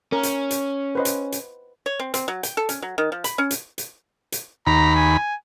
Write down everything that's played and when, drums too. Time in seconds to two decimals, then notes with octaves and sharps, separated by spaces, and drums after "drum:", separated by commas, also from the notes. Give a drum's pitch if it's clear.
0.12 C#4 A#4
0.23 drum: hi-hat
0.51 drum: hi-hat
0.95 B4 C5 D#5
1.05 drum: hi-hat
1.32 drum: hi-hat
1.86 C#5
1.99 C4
2.14 C4, drum: hi-hat
2.28 F#3
2.43 G5, drum: hi-hat
2.57 A4
2.69 C#4, drum: hi-hat
2.82 F#3
2.98 D#3
3.12 F3
3.24 B5, drum: hi-hat
3.38 C#4
3.51 drum: hi-hat
3.78 drum: hi-hat
4.32 drum: hi-hat
4.67 D#2 A#5 B5
4.96 G#5